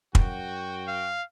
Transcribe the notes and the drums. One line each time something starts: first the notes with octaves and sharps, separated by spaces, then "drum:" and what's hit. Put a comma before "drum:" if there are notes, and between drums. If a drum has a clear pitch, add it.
F#2 F#4 G5, drum: kick
F5